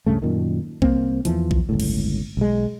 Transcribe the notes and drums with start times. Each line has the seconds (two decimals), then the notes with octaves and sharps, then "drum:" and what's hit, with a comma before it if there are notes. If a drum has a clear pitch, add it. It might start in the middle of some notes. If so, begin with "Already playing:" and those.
0.06 C#2 G2 C#3 A3
0.22 F#2 A#2 D#3
0.82 C2 A#3 C4, drum: kick B1
1.25 E2 E3 F3, drum: hi-hat
1.51 drum: kick B1
1.69 G1 C#2 A2
1.80 drum: cymbal
2.37 B1 G#3